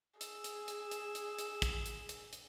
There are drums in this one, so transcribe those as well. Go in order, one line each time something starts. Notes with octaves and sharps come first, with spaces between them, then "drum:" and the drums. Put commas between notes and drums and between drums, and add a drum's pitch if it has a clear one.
G#4 E6, drum: hi-hat
drum: hi-hat
drum: hi-hat
drum: hi-hat
drum: hi-hat
drum: hi-hat
drum: kick, hi-hat
drum: hi-hat
drum: hi-hat
drum: hi-hat